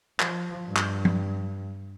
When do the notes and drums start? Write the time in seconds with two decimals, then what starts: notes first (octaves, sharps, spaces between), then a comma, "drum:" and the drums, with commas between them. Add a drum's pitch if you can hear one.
0.20 F3, drum: clap
0.65 G2
0.77 drum: clap
1.05 drum: tom